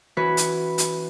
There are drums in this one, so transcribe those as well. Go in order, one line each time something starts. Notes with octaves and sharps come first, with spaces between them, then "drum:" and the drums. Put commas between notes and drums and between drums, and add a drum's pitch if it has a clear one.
E3 C#4 F#4 B4 B5
drum: hi-hat
drum: hi-hat